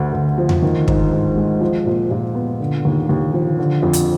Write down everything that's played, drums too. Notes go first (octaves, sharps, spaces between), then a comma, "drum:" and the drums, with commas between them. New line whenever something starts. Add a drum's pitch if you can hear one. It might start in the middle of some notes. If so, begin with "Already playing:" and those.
Already playing: D2 D3
D2
F3
drum: tom E2
D#3
G#2, drum: kick
G#2
G#3
F3
A#2
A#2
B3
D3
D#2
D#2
F3
D3
F2
drum: hi-hat